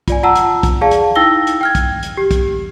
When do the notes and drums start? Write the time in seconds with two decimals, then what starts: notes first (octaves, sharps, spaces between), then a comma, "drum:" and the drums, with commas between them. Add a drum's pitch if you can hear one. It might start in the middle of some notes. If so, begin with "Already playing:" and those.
0.08 F4 D5 G#5, drum: kick, hi-hat
0.23 F4 F#5 A5 A#5 E6
0.35 drum: hi-hat
0.63 drum: kick, hi-hat
0.81 G#4 D5 F5 A5
0.91 drum: hi-hat
1.16 D#4 E4 G5 E6 A#6 G7
1.47 drum: hi-hat
1.61 G5 F6 G#6
1.75 drum: kick, hi-hat
2.03 drum: hi-hat
2.17 G4
2.31 drum: kick, hi-hat